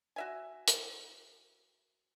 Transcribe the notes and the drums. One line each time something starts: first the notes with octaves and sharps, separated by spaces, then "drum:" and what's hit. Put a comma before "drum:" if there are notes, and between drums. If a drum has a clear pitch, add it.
F#4 E5 G#5
drum: hi-hat